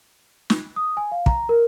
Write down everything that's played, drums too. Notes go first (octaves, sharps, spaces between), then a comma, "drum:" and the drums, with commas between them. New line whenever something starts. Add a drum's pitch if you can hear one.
drum: snare
D#6
G#5
F5
A#5, drum: kick
A#4